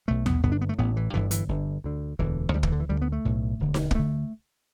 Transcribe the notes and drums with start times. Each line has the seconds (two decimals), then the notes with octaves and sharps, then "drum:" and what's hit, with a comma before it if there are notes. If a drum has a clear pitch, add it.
0.08 B1 B2 A3
0.26 B3, drum: tom D#2
0.43 G1 G2 D3 B3
0.52 D4
0.61 B3
0.69 A3
0.79 A1 A2 B3
0.97 E3
1.14 G1 G2 D3 E3
1.31 E3, drum: hi-hat
1.48 G1 G2 D3
1.84 D2 D3
2.19 E1 D2 D3 E3
2.54 D2 D3 G3
2.63 E3, drum: kick
2.72 D3
2.80 E3
2.89 D2 D3 G3
3.02 B3
3.12 A3
3.25 B1 A2
3.60 E1 D2 D3
3.74 drum: snare D#4
3.91 B3, drum: kick
3.95 D2 D3 A3